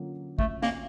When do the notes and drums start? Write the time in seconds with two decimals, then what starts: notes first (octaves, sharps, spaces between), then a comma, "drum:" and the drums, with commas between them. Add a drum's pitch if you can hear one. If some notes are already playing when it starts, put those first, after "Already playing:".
Already playing: D3 F#3 A#3 C#4 F4
0.39 A3, drum: kick
0.63 A#3, drum: snare